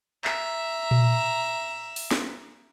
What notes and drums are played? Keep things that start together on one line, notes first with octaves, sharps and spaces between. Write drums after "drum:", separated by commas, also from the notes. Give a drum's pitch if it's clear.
E5 A#5, drum: clap
drum: tom A#2
drum: open hi-hat
drum: snare